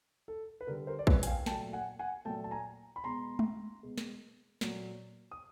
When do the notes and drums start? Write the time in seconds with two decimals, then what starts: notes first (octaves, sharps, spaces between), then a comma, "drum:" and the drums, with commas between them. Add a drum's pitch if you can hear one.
0.28 A4
0.61 B4
0.67 D3 G3 A#4
0.87 A#4 C5
0.99 D5
1.07 B4 C#5, drum: kick A#1
1.23 G#5, drum: hi-hat
1.26 F5 G5
1.46 A#2 F#3 A3 G5 A5, drum: snare
1.73 F#5 G#5
1.99 F#5 G#5
2.25 A#2 F#3 A3 G5 A5
2.44 A5
2.51 G#5 A#5
2.96 B5
3.04 B2 G#3 A#5 C6
3.39 drum: tom G#3
3.83 B2 G#3
3.98 drum: snare
4.61 A#2 F#3 A3, drum: snare
5.31 D#6